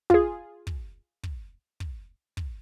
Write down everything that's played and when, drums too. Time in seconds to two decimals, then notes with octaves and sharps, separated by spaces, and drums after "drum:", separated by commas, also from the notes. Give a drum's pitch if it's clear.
0.10 F4 G#4, drum: kick
0.67 drum: kick
1.23 drum: kick
1.80 drum: kick
2.37 drum: kick